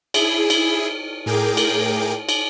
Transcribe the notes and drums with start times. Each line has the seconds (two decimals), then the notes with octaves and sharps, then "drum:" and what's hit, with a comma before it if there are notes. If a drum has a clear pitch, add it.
0.14 E4 G#4, drum: cymbal
0.50 drum: cymbal
1.26 A2 G#4 A#4 G5 D6
1.57 drum: cymbal
2.29 drum: cymbal